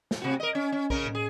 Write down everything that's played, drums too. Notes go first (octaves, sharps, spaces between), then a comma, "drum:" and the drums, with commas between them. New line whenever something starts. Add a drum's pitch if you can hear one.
drum: snare
C3 F#4
A#4 D#5
C#4
C#4
C#3 C#4 A#4, drum: kick
drum: tom A2
G#4